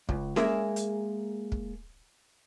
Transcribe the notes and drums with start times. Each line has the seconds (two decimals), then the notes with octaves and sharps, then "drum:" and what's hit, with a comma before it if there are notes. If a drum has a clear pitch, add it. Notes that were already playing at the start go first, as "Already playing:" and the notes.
0.09 C#2, drum: kick
0.36 G#3 A#3 G#4 A#4 E5, drum: snare C#4
0.76 drum: hi-hat
1.52 drum: kick